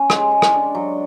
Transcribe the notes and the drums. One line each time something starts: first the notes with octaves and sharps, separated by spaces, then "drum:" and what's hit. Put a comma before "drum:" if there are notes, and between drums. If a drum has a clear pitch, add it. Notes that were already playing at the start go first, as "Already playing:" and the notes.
Already playing: C#4
G#3, drum: rim click
G#3
drum: rim click
D4
F#3